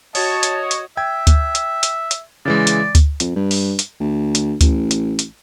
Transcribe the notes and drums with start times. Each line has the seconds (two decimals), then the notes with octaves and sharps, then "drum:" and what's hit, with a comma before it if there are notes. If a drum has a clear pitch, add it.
0.15 F#4 C#5 D#5 A5, drum: open hi-hat
0.43 drum: hi-hat
0.71 drum: hi-hat
0.97 E5 G5 G#6
1.27 drum: kick D2, hi-hat
1.55 drum: hi-hat
1.83 drum: hi-hat
2.11 drum: hi-hat
2.45 C#3 E3 G#3 D5
2.67 drum: hi-hat
2.95 drum: kick D2, hi-hat
3.20 F2, drum: hi-hat
3.36 G2
3.51 drum: open hi-hat
3.79 drum: hi-hat
4.00 D2
4.35 drum: hi-hat
4.61 A1, drum: kick D2, hi-hat
4.91 drum: hi-hat
5.19 drum: hi-hat